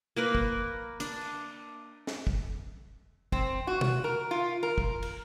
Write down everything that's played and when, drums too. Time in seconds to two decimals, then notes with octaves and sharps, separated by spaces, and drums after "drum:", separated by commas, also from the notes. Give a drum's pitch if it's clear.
0.16 A#3 A#4 B4
0.35 drum: kick
1.00 D4, drum: hi-hat
1.21 drum: cymbal
2.07 drum: snare
2.27 drum: kick
3.32 C4, drum: kick
3.67 F#4
3.81 drum: tom
4.04 A#4
4.31 F4
4.63 A#4
4.78 drum: kick
5.03 drum: cymbal